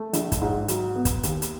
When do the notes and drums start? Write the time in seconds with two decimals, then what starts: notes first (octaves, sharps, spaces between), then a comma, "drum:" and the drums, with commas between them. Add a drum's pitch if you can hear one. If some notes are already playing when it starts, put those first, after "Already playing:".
Already playing: A3
0.13 A#1, drum: hi-hat
0.32 drum: kick, hi-hat
0.41 G#2
0.68 F#3, drum: hi-hat
0.96 B3
1.05 drum: kick, hi-hat
1.23 D#2, drum: hi-hat
1.42 drum: hi-hat